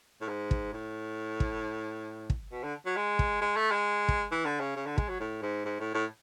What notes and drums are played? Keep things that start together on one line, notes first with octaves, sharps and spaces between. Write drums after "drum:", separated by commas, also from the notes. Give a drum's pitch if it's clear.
A2
G#2
drum: kick
A2
drum: kick
drum: kick
B2
D3
F#3
G#3
drum: kick
G#3
A3
G#3
drum: kick
E3
D3
C#3
C#3
D3
G#3, drum: kick
F#3
A2
G#2
G#2
A2
A2